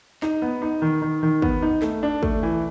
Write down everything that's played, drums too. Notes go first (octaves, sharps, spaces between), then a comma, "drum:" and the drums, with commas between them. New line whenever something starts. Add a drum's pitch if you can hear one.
D#4, drum: snare
B3
D#4
D#3
D#3
D#3
B3, drum: kick
D#4
A3, drum: snare
D4
A3, drum: kick
E3